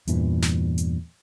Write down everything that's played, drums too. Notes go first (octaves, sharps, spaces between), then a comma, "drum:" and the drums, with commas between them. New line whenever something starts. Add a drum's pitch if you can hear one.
E2 G2 A#2 E3, drum: hi-hat
drum: snare
drum: hi-hat